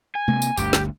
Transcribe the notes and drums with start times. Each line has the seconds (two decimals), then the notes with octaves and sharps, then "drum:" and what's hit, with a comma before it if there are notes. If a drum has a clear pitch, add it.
0.15 G#5
0.28 C3 A#3, drum: tom
0.42 drum: tambourine
0.57 G1 D2 G2 G4, drum: tambourine
0.73 drum: snare